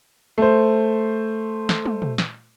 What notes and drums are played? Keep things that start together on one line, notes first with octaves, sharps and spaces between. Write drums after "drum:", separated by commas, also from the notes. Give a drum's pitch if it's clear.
A3 C5
drum: snare
drum: tom
drum: tom
drum: snare